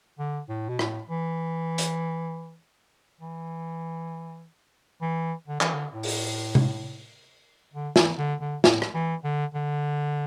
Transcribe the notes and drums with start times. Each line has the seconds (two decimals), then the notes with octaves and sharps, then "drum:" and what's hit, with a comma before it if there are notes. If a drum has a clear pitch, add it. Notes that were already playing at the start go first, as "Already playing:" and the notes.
0.19 D3
0.49 A2
0.69 B2
0.79 A2, drum: rim click
1.10 E3
1.78 drum: hi-hat
3.21 E3
5.01 E3
5.48 D3
5.61 E3, drum: clap
5.74 D3
5.92 A2
6.03 drum: open hi-hat
6.55 drum: tom C3
7.74 D3
7.96 E3, drum: snare
8.19 D3
8.41 D3
8.64 A2, drum: snare
8.82 drum: rim click
8.94 E3
9.24 D3
9.54 D3